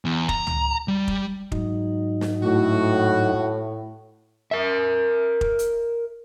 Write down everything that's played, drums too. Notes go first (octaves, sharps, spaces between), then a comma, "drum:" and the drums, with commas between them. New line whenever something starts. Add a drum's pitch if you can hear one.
E2
A#5, drum: kick F1
drum: tom C#2
G3
drum: kick F1
G#2 F#3 D#4, drum: kick F1
drum: snare
A2 F#4
A#4 E5
drum: kick F1
drum: hi-hat